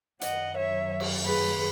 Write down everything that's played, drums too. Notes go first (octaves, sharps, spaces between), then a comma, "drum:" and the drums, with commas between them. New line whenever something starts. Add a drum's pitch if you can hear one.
F#2 D#3 F#3 D#5 F#5, drum: hi-hat
C#5 E5
drum: cymbal
G#4 B4